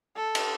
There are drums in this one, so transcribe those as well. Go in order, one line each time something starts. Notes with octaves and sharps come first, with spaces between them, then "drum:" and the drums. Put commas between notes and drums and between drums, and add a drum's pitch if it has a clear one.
A4
drum: cymbal